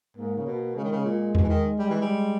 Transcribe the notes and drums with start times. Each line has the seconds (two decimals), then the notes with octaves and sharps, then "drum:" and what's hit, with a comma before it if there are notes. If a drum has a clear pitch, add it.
0.17 G#2 A#3
0.37 C#3
0.46 B2
0.76 C#3 G#3
0.84 D#3
0.92 C#3
1.05 A#2
1.35 B2, drum: tom E2
1.42 E3
1.49 D#3
1.78 G3
1.90 E3
2.01 G3